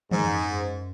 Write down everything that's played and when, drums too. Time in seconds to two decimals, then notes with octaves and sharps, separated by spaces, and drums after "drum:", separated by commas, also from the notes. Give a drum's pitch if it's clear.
0.11 G#2 D#3, drum: tom E3
0.24 F#2
0.38 F2
0.51 F#2